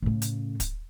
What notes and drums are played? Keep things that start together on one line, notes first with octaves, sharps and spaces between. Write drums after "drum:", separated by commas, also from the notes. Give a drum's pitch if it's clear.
A2 C#3
drum: hi-hat
drum: kick, hi-hat